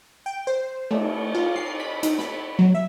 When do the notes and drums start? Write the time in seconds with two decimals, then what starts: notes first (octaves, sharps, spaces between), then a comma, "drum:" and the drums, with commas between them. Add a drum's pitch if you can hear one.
0.26 G5
0.47 C5
0.91 A3, drum: cymbal
1.35 F4
1.56 C7
1.80 B5
2.03 D#4, drum: hi-hat
2.19 B5, drum: snare
2.59 F#3
2.75 E5